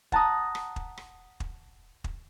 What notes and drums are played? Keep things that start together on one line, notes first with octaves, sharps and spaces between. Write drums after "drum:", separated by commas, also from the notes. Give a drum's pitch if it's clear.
F#5 A5 A#5 D#6, drum: kick
drum: rim click
drum: kick
drum: rim click
drum: kick
drum: kick